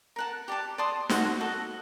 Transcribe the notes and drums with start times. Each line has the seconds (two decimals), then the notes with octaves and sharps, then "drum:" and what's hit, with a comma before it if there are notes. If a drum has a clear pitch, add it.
0.16 A#4 F#5 A5
0.48 G4 D5 A5
0.78 D5 A5 C6 D#6
1.09 F#4 A4 C5 F#5, drum: snare
1.40 F#4 A4 D#5